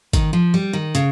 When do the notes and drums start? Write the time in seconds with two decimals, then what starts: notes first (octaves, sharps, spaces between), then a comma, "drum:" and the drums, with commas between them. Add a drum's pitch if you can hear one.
0.13 D#3, drum: kick, hi-hat
0.33 F3
0.54 G3
0.73 D#3
0.95 C#3, drum: hi-hat